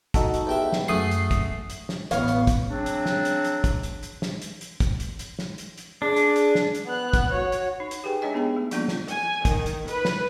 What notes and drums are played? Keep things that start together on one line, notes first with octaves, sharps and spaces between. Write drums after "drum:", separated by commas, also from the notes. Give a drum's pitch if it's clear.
D#4 F#4 A4, drum: kick, hi-hat
drum: hi-hat
E2 G4 E5
drum: snare
F#2 A3 G#4 F#5 D#6 C7
drum: hi-hat
drum: kick, hi-hat
drum: hi-hat
drum: snare
A1 E2 B3 C#5 F5, drum: hi-hat
drum: hi-hat
drum: kick, hi-hat
C#3 F#3 C4 D4
drum: hi-hat
drum: snare
drum: hi-hat
drum: hi-hat
drum: kick, hi-hat
drum: hi-hat
drum: hi-hat
drum: snare
drum: hi-hat
drum: hi-hat
drum: kick, hi-hat
drum: hi-hat
drum: hi-hat
drum: snare
drum: hi-hat
drum: hi-hat
D4 G#4
drum: hi-hat
drum: hi-hat
drum: snare
drum: hi-hat
B3 F#6
drum: kick, hi-hat
F#4 C#5
drum: hi-hat
D#4
drum: hi-hat
G4 G#4 B4 G5 G#5
G#3 D4 C#5 D#5 G#5
B3 D#4 G#4 G5 A#5
A3
F3 G3 A#3 B3 D4 F4, drum: hi-hat
drum: snare
G#5, drum: hi-hat
D#3, drum: kick, hi-hat
drum: hi-hat
B4, drum: hi-hat
drum: snare